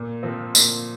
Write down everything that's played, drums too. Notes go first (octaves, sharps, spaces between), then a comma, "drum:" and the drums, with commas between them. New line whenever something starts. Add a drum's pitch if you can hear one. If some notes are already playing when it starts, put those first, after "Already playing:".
Already playing: A#2
F3 C4
A#2, drum: tambourine